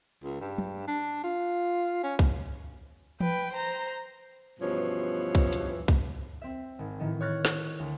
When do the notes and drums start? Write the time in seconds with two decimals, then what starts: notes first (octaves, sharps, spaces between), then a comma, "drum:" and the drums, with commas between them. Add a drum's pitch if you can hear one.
0.24 C#2
0.41 G2
0.58 drum: tom
0.87 D4
1.24 F4
2.03 C#4
2.19 drum: kick C2
3.20 B4 G5, drum: tom E3
3.53 C5 A#5
4.60 G2 B2 E3 F3 C#4
5.35 drum: kick C2
5.53 drum: hi-hat
5.88 drum: kick C2
6.41 C4 E5
6.79 G#1
6.99 A2 D#3 E3
7.20 C#5 C#6 F6 F#6 A6 A#6
7.45 C#6, drum: snare
7.80 D2